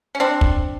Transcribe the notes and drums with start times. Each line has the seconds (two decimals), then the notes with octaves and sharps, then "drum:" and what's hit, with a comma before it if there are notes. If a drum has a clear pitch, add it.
0.15 C#4
0.20 C4 D4
0.41 drum: kick